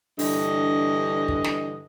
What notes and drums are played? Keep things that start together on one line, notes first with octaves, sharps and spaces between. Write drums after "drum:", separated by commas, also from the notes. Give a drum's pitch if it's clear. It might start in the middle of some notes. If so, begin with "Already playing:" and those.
G2 D3 E3 D#5, drum: open hi-hat
drum: kick
drum: snare